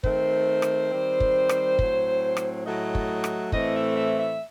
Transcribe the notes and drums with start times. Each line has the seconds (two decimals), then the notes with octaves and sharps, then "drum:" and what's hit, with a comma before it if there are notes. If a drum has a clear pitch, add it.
0.03 D#3 A3 C4 C5, drum: kick
0.62 drum: rim click
0.91 D#3 G3 C4
1.20 drum: kick
1.49 drum: rim click
1.79 A2 F#3 C4, drum: kick
2.37 drum: rim click
2.65 A2 F#3 A3 D#5
2.95 drum: kick
3.24 drum: rim click
3.52 A2 E3 A3 C4 D#5, drum: kick
3.75 E5
3.96 E5
4.18 E5